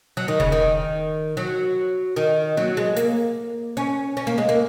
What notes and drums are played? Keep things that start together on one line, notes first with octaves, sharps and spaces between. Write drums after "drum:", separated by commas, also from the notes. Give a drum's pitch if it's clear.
F#3
D#3
C#3, drum: kick E1
D#3
F#3
D#3
F#3, drum: tom A#3
G#3
A#3, drum: hi-hat
C#4
C#4
A#3
G#3
A#3